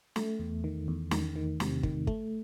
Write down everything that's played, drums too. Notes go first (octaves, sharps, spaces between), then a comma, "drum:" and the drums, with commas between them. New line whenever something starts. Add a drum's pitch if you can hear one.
A3, drum: snare
E2
D#3
E2
D#3, drum: snare
D#3
C3, drum: snare
D#3, drum: kick
A3, drum: kick